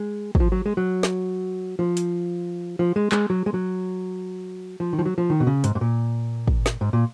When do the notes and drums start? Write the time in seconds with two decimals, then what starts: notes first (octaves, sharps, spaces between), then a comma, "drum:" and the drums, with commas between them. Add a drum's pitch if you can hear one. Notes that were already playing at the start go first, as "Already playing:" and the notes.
Already playing: G#3
0.35 F#3, drum: kick
0.40 F3
0.52 F#3
0.66 G#3
0.77 F#3
1.03 drum: snare
1.79 F3
1.97 drum: hi-hat
2.79 F3
2.96 G#3
3.12 G#3, drum: clap
3.30 F#3
3.46 G#3
3.54 F#3
4.80 F3
4.93 D#3
4.99 F3
5.06 F#3
5.18 F3
5.30 D#3
5.40 B2
5.47 C#3
5.64 G#2, drum: hi-hat
5.75 G#2
5.81 A#2
6.48 drum: kick
6.66 drum: snare
6.81 G#2
6.93 A#2